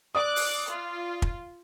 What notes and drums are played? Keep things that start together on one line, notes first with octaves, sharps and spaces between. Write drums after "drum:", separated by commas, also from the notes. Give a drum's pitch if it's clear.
D5 D6 D#6 F#6
drum: open hi-hat
F4
drum: kick